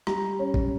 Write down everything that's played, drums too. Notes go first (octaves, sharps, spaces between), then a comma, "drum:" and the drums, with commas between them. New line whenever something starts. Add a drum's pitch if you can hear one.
G3 A#5, drum: rim click
C#4
drum: kick A#1